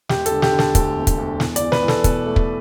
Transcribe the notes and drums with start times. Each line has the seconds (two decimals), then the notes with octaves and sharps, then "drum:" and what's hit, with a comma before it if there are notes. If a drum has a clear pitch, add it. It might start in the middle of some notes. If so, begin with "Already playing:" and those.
0.09 E1 G4, drum: snare
0.26 A4, drum: hi-hat
0.31 D3
0.42 G4, drum: snare
0.52 D3
0.59 A4, drum: snare
0.75 D2 A4, drum: kick, hi-hat
0.96 E1
1.07 drum: kick, hi-hat
1.18 D2
1.40 E2, drum: snare
1.56 D5, drum: hi-hat
1.61 E2
1.72 B4, drum: snare
1.83 E2
1.88 A4, drum: snare
2.04 B2 A4, drum: kick, hi-hat
2.26 A3
2.36 drum: kick